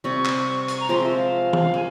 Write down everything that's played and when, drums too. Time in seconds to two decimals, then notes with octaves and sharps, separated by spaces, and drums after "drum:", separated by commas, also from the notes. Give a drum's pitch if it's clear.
0.04 C3 G3 C4 C#6
0.26 drum: clap
0.68 drum: hi-hat
0.79 A#5
0.89 F3 G#3 C4 G4 C6
1.03 E5
1.17 F5
1.53 drum: tom
1.74 A#3 G#5